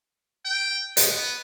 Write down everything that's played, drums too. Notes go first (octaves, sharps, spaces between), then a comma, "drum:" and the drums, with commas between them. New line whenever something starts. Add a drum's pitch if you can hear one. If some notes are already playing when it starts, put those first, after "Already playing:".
G5
B3, drum: hi-hat